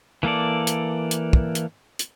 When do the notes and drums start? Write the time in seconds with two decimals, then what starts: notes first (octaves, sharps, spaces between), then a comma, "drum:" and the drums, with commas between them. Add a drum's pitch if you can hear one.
0.23 E3 A#3 A4 D5
0.67 drum: hi-hat
1.11 drum: hi-hat
1.33 drum: kick
1.55 drum: hi-hat
1.99 drum: hi-hat